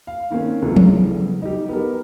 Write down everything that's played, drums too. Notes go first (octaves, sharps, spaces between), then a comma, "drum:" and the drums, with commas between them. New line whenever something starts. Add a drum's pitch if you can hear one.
F5
D#3 A#3 C4 C#4
C#2 F#2 C3 F3 A3
E2 C#3, drum: tom F3
D#4 G4
B3 G4 A4 A#4